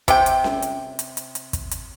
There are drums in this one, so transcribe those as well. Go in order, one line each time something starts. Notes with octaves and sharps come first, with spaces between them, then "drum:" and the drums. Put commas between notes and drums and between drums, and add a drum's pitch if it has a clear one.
C3 G5, drum: kick, hi-hat
drum: hi-hat
drum: snare C#4
drum: hi-hat
drum: hi-hat
drum: hi-hat
drum: hi-hat
drum: kick, hi-hat
drum: hi-hat